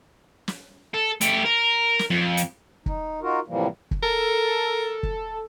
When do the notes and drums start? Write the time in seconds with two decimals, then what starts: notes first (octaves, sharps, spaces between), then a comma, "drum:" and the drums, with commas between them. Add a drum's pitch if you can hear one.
0.48 drum: snare
0.94 A4
1.21 A3 G4, drum: hi-hat
1.45 A#4
1.99 drum: snare
2.10 F2
2.37 drum: hi-hat
2.86 D#4, drum: kick
3.22 D#4 F4 F#4 A#4
3.48 A2 C3 E3 F3 G3 A#3
3.91 drum: kick
4.03 A4 A#4
5.03 drum: kick